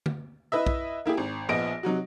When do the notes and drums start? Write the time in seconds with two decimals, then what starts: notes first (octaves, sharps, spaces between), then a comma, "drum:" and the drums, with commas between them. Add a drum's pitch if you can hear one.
0.06 drum: tom
0.52 E4 B4 D#5 E5
0.67 drum: kick
1.06 A#3 E4 G4 G#4
1.17 G#1
1.49 A#1 F3 B3 D#5 A#6 D7
1.83 C3 F#3 D#4 F#4